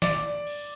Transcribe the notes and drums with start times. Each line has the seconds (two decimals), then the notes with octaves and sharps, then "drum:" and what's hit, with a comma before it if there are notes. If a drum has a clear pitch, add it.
0.02 D5, drum: snare
0.47 drum: cymbal